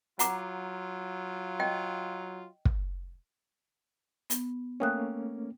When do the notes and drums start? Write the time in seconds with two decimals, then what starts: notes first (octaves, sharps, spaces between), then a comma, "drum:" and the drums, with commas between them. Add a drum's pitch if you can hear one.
0.19 F#3 F4 F#5 A#5 D6, drum: hi-hat
1.60 D#5 G5
2.65 drum: kick
4.30 B3, drum: hi-hat
4.80 A3 A#3 C#4 G5 D#6 F#6